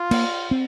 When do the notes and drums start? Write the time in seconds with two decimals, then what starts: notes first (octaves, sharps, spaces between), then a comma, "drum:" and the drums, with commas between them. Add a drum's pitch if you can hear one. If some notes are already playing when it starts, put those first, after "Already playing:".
Already playing: F4
0.11 A#3, drum: cymbal
0.51 C4